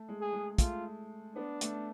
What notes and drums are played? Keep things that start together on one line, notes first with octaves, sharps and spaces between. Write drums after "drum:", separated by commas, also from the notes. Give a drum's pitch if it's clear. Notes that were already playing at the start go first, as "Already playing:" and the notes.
Already playing: A3
G#3
G#4
G#3
A3 F4, drum: kick, hi-hat
B3 D4
A3, drum: hi-hat